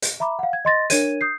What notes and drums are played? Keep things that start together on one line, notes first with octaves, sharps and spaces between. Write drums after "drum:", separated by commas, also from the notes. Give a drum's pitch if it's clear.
drum: hi-hat
E5 A#5 B5 D6
F5 F#5
G#6
D#5 C6 A6 A#6
D4 A#4 C#5 G#6 D#7, drum: hi-hat
D#6 G6 C7